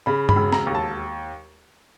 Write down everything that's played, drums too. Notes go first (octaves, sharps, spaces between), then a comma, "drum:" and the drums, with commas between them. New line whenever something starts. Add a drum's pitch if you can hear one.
C#3 B5
B5, drum: tom G2
E1
A#5, drum: snare
D#2
A5